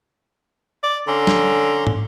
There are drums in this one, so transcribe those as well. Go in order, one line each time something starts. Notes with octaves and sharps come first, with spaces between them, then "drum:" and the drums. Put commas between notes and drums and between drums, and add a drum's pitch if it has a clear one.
D5
D3 C#4 A#5 C6
drum: snare
drum: tom